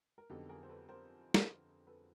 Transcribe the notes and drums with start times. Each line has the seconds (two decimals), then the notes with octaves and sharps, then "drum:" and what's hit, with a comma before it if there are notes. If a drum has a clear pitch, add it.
0.18 A#4
0.30 F2 D3 F#3 B3 D#4 G4 A4
0.49 G#4 A#4
0.63 C5
0.69 A4 B4
0.89 A#4 C5
1.34 drum: snare
1.87 A4 B4